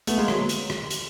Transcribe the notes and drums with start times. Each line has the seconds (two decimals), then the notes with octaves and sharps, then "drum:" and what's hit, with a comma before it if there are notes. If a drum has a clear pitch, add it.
0.07 A3 B3, drum: hi-hat
0.18 G#3 A#3
0.28 F#3 G#3, drum: rim click
0.38 F#3
0.49 drum: hi-hat
0.70 drum: rim click
0.91 drum: hi-hat